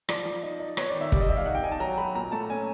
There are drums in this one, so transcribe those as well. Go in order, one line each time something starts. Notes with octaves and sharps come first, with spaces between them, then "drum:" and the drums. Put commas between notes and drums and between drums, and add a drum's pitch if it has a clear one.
F3 D5, drum: rim click
F3
D#4
D#4
B3 C#5, drum: rim click
D5
D#3
E5
G3 D5, drum: kick
D#5
G3 E5
F5
D#4 F#5
G5
D#4 G#5
A5
F#3 A#5
F#3 B5
A#2 A#5
A3 A5
C#4 G#5